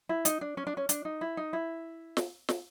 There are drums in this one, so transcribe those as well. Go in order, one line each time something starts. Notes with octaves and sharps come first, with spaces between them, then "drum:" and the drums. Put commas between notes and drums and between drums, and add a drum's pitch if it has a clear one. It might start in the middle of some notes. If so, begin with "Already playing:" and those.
E4
D#4, drum: hi-hat
D4
C#4
D4
C#4
D4, drum: hi-hat
D#4
E4
D#4
E4
drum: snare
drum: snare